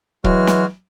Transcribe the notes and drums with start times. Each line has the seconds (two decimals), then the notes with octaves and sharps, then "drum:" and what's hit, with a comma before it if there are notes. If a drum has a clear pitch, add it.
0.24 E3 F#3 G#3 F#4 F6, drum: kick
0.47 drum: snare